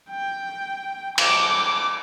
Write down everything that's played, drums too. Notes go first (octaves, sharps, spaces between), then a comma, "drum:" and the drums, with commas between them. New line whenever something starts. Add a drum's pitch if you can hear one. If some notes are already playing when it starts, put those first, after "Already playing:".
G5
D6, drum: cymbal